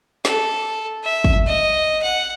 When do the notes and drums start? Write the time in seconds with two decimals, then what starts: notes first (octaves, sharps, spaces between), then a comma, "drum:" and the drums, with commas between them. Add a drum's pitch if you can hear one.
0.25 A4, drum: snare
1.04 E5
1.24 drum: kick
1.47 D#5
2.02 F#5